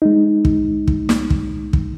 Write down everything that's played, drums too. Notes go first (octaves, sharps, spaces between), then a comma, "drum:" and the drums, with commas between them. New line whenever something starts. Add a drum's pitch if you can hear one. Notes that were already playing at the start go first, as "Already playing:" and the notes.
G#3 D#4
drum: kick
drum: kick
drum: snare
drum: kick
drum: kick